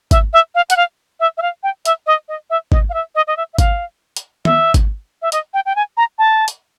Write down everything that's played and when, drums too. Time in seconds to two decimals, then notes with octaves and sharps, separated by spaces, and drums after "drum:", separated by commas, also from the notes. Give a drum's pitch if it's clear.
0.11 E5, drum: kick G#1, hi-hat
0.33 E5
0.55 F5
0.70 F#5, drum: hi-hat
0.77 F5
1.20 E5
1.37 E5
1.42 F5
1.63 G5
1.85 E5, drum: hi-hat
2.07 D#5
2.28 D#5
2.50 E5
2.72 D#5, drum: kick G#1
2.90 F5
2.94 E5
3.15 D#5
3.27 D#5
3.37 E5
3.53 E5
3.59 F5, drum: kick G#1, hi-hat
4.17 drum: hi-hat
4.45 E5, drum: tom
4.74 drum: kick G#1, hi-hat
5.22 E5
5.32 D#5, drum: hi-hat
5.54 G5
5.66 G5
5.76 G#5
5.97 A#5
6.19 A5
6.48 drum: hi-hat